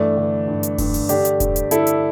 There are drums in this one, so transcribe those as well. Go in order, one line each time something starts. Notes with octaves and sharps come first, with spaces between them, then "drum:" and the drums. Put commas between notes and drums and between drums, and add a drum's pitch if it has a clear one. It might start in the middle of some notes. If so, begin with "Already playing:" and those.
Already playing: G2 E3 A3 D4
D3
G2
drum: hi-hat
G2, drum: kick E1, open hi-hat
drum: open hi-hat
D3 D4 G4, drum: hi-hat
drum: hi-hat
G2, drum: kick E1, hi-hat
drum: hi-hat
D3 E4 A4, drum: hi-hat
drum: hi-hat